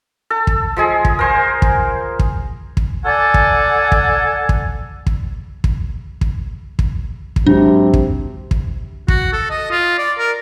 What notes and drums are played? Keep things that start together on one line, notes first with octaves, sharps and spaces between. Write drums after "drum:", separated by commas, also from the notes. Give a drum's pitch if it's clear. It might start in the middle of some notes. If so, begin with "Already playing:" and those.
A4
drum: kick
F3 G#3 G#4
drum: kick
A#4 C5 G#5
drum: kick
drum: kick
drum: kick
A4 D5 F#5 G#5 A5
drum: kick
drum: kick
drum: kick
drum: kick
drum: kick
drum: kick
drum: kick
drum: kick
G#2 C3 F#3 D4
drum: kick
drum: kick
F#4, drum: kick
A4
D#5
F4
D5
A#4